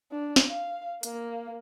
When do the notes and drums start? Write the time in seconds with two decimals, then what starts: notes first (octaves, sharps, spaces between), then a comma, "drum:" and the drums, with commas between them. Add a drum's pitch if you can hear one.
0.12 D4
0.36 drum: snare
0.47 F5
1.03 A#3, drum: hi-hat